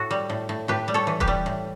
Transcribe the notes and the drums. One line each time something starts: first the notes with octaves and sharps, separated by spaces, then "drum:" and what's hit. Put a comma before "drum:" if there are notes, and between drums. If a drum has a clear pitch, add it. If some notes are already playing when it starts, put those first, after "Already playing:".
Already playing: A2 F#4 A4
G3
A2
A2
A2 G4 B4
G3
A4 C#5
E3
G4 B4, drum: kick D#1
G3
A2